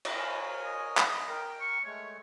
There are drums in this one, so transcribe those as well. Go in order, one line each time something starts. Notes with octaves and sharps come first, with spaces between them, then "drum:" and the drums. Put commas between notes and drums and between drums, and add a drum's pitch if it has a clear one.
drum: cymbal
A#4 C#5 G#5
D#5
drum: clap
A#4 G5
C#6
G#3 A3 C#5